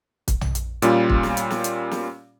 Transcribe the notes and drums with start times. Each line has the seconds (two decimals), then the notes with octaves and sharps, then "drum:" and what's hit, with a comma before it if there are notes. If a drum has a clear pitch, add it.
0.28 drum: kick, hi-hat
0.41 drum: tom
0.55 drum: hi-hat
0.82 A#2 G3 C#4 F4, drum: hi-hat
1.10 drum: kick
1.23 drum: snare
1.37 drum: hi-hat
1.50 drum: snare
1.64 drum: hi-hat
1.91 drum: snare